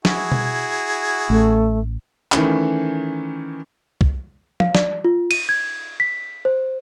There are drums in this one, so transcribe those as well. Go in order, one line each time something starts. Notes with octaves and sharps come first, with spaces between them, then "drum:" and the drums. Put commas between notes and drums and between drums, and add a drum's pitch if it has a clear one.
E4 F#4 G#4, drum: snare
drum: tom B2
A1 A3
D#3 E3 A3 C#4, drum: clap
drum: kick
F5, drum: tom F3
D5, drum: snare
F4
D#7, drum: cymbal
G#6
B6
C5